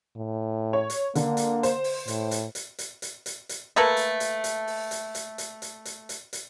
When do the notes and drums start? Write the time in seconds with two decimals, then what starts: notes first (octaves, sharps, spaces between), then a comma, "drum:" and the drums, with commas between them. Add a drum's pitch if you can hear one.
0.16 A2
0.73 C#5
0.90 drum: hi-hat
1.15 D3 A#3, drum: hi-hat
1.37 drum: hi-hat
1.63 C5, drum: hi-hat
1.84 drum: open hi-hat
2.08 A2, drum: hi-hat
2.31 drum: hi-hat
2.55 drum: hi-hat
2.78 drum: hi-hat
3.02 drum: hi-hat
3.26 drum: hi-hat
3.49 drum: hi-hat
3.76 A3 A#3 A4 B4
3.97 drum: hi-hat
4.20 drum: hi-hat
4.44 drum: hi-hat
4.67 drum: open hi-hat
4.91 drum: hi-hat
5.15 drum: hi-hat
5.38 drum: hi-hat
5.62 drum: hi-hat
5.85 drum: hi-hat
6.09 drum: hi-hat
6.33 drum: hi-hat